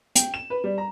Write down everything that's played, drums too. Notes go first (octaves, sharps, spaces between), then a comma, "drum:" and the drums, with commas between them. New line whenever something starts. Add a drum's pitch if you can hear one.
G5, drum: hi-hat
E7
B4
G3
A#5